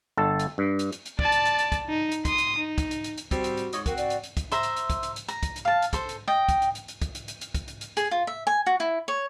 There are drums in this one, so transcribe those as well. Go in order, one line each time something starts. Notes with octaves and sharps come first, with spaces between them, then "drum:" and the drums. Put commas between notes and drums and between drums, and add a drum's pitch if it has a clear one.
G1 A4 A5
drum: hi-hat
G2
drum: hi-hat
drum: hi-hat
drum: hi-hat
D5 A5, drum: kick
drum: hi-hat
drum: hi-hat
drum: hi-hat
drum: kick, hi-hat
D#4
drum: hi-hat
C6 D#6, drum: kick, hi-hat
drum: hi-hat
D#4
drum: kick, hi-hat
drum: hi-hat
drum: hi-hat
drum: hi-hat
G3 C4 F#4, drum: kick, hi-hat
drum: hi-hat
drum: hi-hat
G#2 C#5 D#5, drum: hi-hat
C4 F#4 A#4, drum: kick, hi-hat
D5, drum: hi-hat
drum: hi-hat
drum: hi-hat
drum: kick, hi-hat
C5 E5 A#5, drum: hi-hat
drum: hi-hat
drum: hi-hat
drum: kick, hi-hat
drum: hi-hat
drum: hi-hat
A#5, drum: hi-hat
drum: kick, hi-hat
drum: hi-hat
F5 A5
drum: hi-hat
A4 C5, drum: kick, hi-hat
drum: hi-hat
D#5 G5
drum: kick, hi-hat
drum: hi-hat
drum: hi-hat
drum: hi-hat
drum: kick, hi-hat
drum: hi-hat
drum: hi-hat
drum: hi-hat
drum: kick, hi-hat
drum: hi-hat
drum: hi-hat
G#4, drum: hi-hat
F4
E5
G#5
F#4
E4
C#5